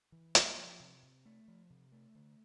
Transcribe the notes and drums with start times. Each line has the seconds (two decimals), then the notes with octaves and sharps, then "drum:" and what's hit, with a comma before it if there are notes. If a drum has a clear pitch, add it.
0.12 E3
0.35 A#3, drum: hi-hat
0.57 F3
0.80 C3
1.03 C3
1.26 A3
1.48 F3
1.70 C3
1.92 A3
2.15 D3